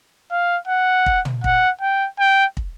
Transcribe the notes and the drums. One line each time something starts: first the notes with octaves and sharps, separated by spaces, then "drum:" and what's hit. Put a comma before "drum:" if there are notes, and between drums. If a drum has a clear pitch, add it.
F5
F#5
drum: kick
drum: tom
F#5, drum: kick
G5
G5
drum: kick